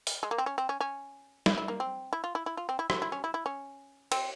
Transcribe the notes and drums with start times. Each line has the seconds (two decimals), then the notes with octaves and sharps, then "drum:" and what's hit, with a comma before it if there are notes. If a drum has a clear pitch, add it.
0.07 drum: open hi-hat
0.23 G#3
0.31 A#3
0.38 C4
0.46 C#4
0.58 C4
0.69 C#4
0.81 C#4
1.46 E4, drum: snare
1.58 E4
1.68 A#3
1.80 C4
2.13 E4
2.24 F4
2.35 E4
2.46 E4
2.57 F4
2.69 C4
2.79 E4
2.90 E4, drum: rim click
3.02 E4
3.12 C#4
3.24 E4
3.34 E4
3.46 C#4
4.12 C4, drum: cymbal